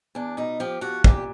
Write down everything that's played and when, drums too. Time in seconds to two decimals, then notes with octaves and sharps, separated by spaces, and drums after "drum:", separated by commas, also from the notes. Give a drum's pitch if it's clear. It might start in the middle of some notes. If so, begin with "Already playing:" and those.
0.15 E2 D4
0.37 B2 D#4
0.60 F3 G4
0.81 F3 F#4
1.04 A#2 G4, drum: kick